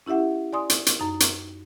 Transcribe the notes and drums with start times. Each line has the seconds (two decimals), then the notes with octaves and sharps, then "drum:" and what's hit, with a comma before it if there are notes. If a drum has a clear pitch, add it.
0.06 C#4 E4 G4 E5 F#5
0.53 D5 G#5 C6 D#6
0.70 drum: hi-hat
0.86 drum: hi-hat
0.99 F#2 D#4
1.20 drum: hi-hat